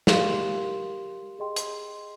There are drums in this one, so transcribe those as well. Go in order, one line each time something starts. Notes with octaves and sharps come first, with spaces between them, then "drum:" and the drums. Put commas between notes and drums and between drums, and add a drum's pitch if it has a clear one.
G4 A#4 F5 C6, drum: snare
G#4 D#5 G5 C6
drum: hi-hat